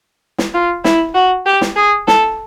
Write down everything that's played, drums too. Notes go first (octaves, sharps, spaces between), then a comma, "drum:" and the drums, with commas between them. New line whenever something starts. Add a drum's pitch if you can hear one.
drum: snare
F4
E4, drum: snare
F#4
G4
drum: snare
G#4
A4, drum: snare